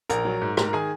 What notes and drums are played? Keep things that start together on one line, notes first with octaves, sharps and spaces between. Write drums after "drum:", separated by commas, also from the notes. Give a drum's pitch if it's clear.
A#1 A#4 A#5, drum: hi-hat
F#3
G#2
G#2 A#4 A#5, drum: rim click
D#3 G#4 G#5